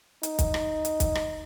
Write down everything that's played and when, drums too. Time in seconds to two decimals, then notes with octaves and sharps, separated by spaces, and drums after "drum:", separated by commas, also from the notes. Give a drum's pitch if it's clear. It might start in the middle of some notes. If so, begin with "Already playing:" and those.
0.23 D#4, drum: hi-hat
0.39 drum: kick, hi-hat
0.54 drum: rim click
0.85 drum: hi-hat
1.00 drum: kick, hi-hat
1.15 drum: rim click